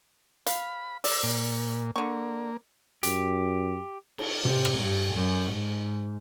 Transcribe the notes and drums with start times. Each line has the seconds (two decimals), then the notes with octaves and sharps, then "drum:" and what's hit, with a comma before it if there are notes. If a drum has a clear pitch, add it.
0.46 F5 B5, drum: hi-hat
1.04 D5 E6, drum: open hi-hat
1.23 A#2
1.96 D3 A#3 C#6
3.03 F#2 G4, drum: hi-hat
4.18 drum: cymbal
4.45 C3, drum: tom
4.65 drum: rim click
4.78 G2
5.12 F#2
5.52 G#2